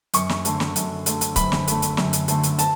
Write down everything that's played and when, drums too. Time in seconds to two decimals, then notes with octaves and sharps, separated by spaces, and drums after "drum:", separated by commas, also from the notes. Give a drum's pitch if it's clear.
0.14 F#2 C#6, drum: hi-hat
0.29 drum: snare
0.45 D3 A3, drum: hi-hat
0.60 drum: snare
0.76 F#2, drum: hi-hat
1.06 D3 A3, drum: hi-hat
1.21 drum: hi-hat
1.36 F#2 B5, drum: kick C#1, hi-hat
1.52 drum: snare
1.68 D3 A3, drum: hi-hat
1.82 drum: hi-hat
1.97 F#2, drum: snare
2.13 drum: hi-hat
2.28 D3 A3, drum: hi-hat
2.43 drum: hi-hat
2.59 A5, drum: hi-hat